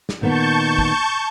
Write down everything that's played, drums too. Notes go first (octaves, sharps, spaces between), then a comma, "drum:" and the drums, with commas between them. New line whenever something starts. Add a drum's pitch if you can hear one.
drum: snare
A#2 D#3 B3 A5 C#6 G6
drum: kick